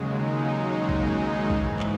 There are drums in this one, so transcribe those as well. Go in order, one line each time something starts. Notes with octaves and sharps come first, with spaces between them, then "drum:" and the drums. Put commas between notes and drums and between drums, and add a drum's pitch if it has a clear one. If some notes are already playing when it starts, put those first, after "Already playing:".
Already playing: D#2 C#3 F#3 G#3
D#4
drum: kick
G#2 E3, drum: kick
drum: clap